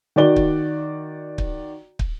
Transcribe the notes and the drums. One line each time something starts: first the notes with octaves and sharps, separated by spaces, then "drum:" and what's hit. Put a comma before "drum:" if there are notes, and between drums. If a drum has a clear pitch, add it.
D#3 F#4 D5 G7
drum: kick
drum: kick
drum: kick